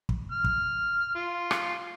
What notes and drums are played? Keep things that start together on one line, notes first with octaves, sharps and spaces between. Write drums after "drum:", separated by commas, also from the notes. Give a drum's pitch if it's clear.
drum: kick
F6
drum: kick
F4
drum: rim click